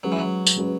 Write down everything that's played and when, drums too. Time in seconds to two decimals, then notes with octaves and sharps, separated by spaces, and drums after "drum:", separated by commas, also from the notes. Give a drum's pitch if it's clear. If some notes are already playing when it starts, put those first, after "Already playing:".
0.03 F#3 G#3 C#4 G#4 B4
0.12 E3
0.19 F#3
0.47 drum: tambourine
0.56 G#3 C#4 G#4 B4